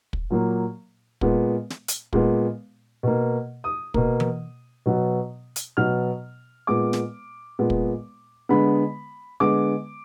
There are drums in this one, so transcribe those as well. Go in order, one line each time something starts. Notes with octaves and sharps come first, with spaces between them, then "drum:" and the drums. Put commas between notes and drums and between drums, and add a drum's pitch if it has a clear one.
drum: kick
A#2 F#3 A#3
A#2 G#3 B3, drum: kick
drum: snare
drum: hi-hat
A#2 G#3 B3, drum: kick
B2 A#3
D#6
B2 A#3, drum: kick
drum: tom E3
B2 F#3 B3
drum: hi-hat
B2 F#3 B3 F6
A#2 G#3 B3 D6
drum: snare
A#2 G#3 B3
drum: kick
D3 G#3 B3 B5
D3 G#3 B3 D6